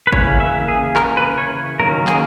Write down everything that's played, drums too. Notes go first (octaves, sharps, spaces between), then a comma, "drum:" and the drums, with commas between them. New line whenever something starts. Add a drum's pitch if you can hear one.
B4
C#3 E3 A#3 C#4 C#5, drum: kick G#1
E5
G#4
A#4, drum: clap
B4
C#5
D#3 F#3 A#3 C#4 A#4
G#4, drum: clap